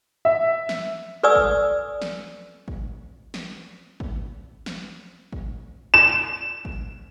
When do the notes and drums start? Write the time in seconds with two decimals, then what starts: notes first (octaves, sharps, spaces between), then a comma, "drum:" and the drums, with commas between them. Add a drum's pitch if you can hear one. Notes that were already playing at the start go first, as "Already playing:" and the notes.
0.25 E5
0.69 drum: snare
1.23 A4 B4 D5 G#5 D#6 E6
1.35 drum: kick G#1
2.02 drum: snare
2.68 drum: kick G#1
3.34 drum: snare
4.00 drum: kick G#1
4.66 drum: snare
5.33 drum: kick G#1
5.94 E7
6.65 drum: kick G#1